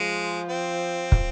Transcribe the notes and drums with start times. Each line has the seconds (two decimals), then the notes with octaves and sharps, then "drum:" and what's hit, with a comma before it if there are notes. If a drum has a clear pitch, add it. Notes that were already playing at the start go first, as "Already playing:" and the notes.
Already playing: F3 G#3
0.49 C4
1.12 drum: kick